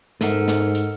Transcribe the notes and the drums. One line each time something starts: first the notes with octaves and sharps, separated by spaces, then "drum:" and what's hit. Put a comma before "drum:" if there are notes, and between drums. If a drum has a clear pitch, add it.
G#2 A4 A#4 F#5, drum: snare
drum: snare
drum: hi-hat